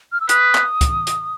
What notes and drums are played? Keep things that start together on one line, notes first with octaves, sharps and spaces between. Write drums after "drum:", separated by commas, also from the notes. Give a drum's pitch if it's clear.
F6
E6
B4 D#6, drum: hi-hat
drum: clap
drum: kick C#2, hi-hat
drum: hi-hat